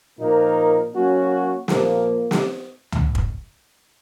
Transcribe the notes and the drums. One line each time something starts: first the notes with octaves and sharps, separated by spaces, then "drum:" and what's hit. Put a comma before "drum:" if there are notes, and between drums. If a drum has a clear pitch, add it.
A#2 F3 A#3 D#4 A#4
F#3 A#3 C#4 F#4
A#2 F3 A#3, drum: snare
drum: snare
drum: tom C#2
drum: kick